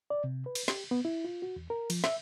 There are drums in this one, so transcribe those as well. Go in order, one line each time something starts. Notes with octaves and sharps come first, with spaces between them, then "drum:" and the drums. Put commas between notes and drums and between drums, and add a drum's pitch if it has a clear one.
D5
C3
B4
drum: cymbal
G4, drum: snare
B3
E4
F4
F#4
E2
A#4
F3, drum: cymbal
E5, drum: snare